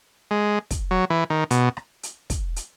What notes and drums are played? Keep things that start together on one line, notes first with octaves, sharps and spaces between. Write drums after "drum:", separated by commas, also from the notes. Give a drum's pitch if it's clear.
G#3
drum: kick, hi-hat
F#3
E3
D#3
B2, drum: hi-hat
drum: rim click
drum: hi-hat
drum: kick, hi-hat
drum: hi-hat